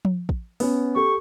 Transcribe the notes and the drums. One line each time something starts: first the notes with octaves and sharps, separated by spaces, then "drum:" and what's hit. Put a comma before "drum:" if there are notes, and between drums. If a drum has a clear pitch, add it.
drum: tom F3
drum: kick
B3 C#4, drum: open hi-hat
G4 A4 C#6